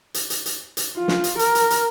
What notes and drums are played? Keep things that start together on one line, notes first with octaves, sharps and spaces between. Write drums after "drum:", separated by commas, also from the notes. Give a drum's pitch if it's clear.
drum: hi-hat
drum: hi-hat
drum: hi-hat
drum: hi-hat
F4
drum: snare
drum: hi-hat
A#4, drum: hi-hat
drum: hi-hat
drum: hi-hat